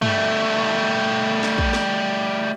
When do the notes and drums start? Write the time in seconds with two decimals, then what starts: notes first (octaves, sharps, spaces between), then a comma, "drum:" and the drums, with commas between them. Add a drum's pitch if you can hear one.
0.02 G3 A3, drum: tom G2
1.43 drum: snare
1.58 drum: kick
1.73 drum: snare